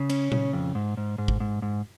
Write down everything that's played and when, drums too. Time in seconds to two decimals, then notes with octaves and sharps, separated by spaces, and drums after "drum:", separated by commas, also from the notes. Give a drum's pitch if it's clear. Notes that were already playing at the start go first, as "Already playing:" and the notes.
Already playing: C#3
0.10 C#4, drum: cymbal
0.32 C#3, drum: tom A#2
0.53 F2
0.75 G#2
0.97 G#2
1.18 G#2
1.28 drum: kick G#1
1.40 G#2
1.62 G#2